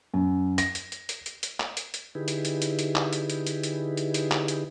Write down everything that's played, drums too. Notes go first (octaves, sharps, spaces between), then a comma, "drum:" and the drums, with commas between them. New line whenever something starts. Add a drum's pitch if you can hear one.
F#2
A#6, drum: hi-hat
drum: hi-hat
drum: hi-hat
drum: hi-hat
drum: hi-hat
drum: hi-hat
drum: clap
drum: hi-hat
drum: hi-hat
D3 D#4 E4 G4 G#4 B4
drum: hi-hat
drum: hi-hat
drum: hi-hat
drum: hi-hat
drum: clap
drum: hi-hat
drum: hi-hat
drum: hi-hat
drum: hi-hat
drum: hi-hat
drum: hi-hat
drum: clap
drum: hi-hat